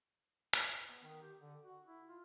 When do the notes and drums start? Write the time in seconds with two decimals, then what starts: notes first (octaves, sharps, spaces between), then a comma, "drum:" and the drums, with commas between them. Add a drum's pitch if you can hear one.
0.54 drum: hi-hat
0.89 B3
1.03 D#3
1.22 G4
1.40 D3
1.64 F#4
1.87 E4
2.08 F4